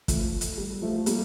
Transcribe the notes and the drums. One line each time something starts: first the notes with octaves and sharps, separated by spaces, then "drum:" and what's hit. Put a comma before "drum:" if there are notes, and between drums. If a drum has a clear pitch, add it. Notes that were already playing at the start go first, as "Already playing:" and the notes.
F3 A3, drum: kick F#1, hi-hat
drum: hi-hat
G3
F3 A3
G3 A#3, drum: hi-hat